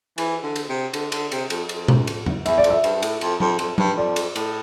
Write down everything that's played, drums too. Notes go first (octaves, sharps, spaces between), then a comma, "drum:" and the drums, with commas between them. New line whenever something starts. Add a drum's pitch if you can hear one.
E3, drum: cymbal
D3
drum: cymbal
C3
D3, drum: cymbal
D3, drum: cymbal
C3, drum: cymbal
F2, drum: cymbal
F2, drum: cymbal
drum: tom B2
drum: cymbal
drum: tom
E2 E5, drum: cymbal
D5
F2, drum: cymbal
E5
G2, drum: cymbal
G2
A2, drum: cymbal
F2, drum: cymbal
F2, drum: tom F#3
F2, drum: cymbal
G2, drum: tom F#3
F2 D5
drum: cymbal
A2, drum: cymbal